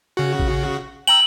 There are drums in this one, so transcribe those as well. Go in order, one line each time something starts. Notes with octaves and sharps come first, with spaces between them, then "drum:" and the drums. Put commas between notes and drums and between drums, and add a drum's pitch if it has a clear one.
C#3 F#4
drum: kick A1
G5 A#5 E6 F#7